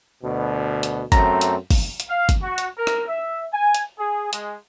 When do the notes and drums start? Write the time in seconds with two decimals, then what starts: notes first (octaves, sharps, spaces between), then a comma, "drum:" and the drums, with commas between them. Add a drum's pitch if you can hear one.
0.23 D2 B2
0.83 drum: hi-hat
1.12 F#2 A3 C4 A#5, drum: kick, hi-hat
1.41 drum: hi-hat
1.71 drum: kick, open hi-hat
2.00 drum: hi-hat
2.09 F5
2.29 drum: kick, hi-hat
2.42 F#4
2.58 drum: hi-hat
2.78 A#4
2.87 drum: rim click
3.08 E5
3.53 G#5
3.74 drum: hi-hat
3.98 G#4
4.33 G#3, drum: hi-hat